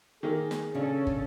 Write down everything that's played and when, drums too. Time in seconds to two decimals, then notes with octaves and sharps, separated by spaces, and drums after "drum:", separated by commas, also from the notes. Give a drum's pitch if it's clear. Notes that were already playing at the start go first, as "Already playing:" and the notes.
0.23 D#3 A#3 G#4
0.51 drum: snare
0.74 C#3 C#4 D4 A4
1.07 drum: kick